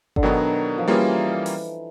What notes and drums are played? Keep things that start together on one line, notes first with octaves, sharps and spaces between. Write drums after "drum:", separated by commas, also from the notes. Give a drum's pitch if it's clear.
D3, drum: kick G1
B2 D#3 F#3 B3
F3
E3 G3 A#3 C#4 F4 G#4
drum: open hi-hat